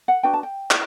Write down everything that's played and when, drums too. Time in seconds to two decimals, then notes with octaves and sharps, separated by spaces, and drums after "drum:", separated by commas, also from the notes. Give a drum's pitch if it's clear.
0.08 F#5
0.23 D4 F#4 B4 G5
0.34 A5
0.43 G5
0.71 E4, drum: clap